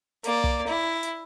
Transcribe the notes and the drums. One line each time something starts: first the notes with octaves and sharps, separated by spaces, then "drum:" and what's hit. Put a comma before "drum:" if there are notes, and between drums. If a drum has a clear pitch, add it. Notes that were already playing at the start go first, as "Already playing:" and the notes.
A#3 D5, drum: hi-hat
drum: kick
E4
drum: hi-hat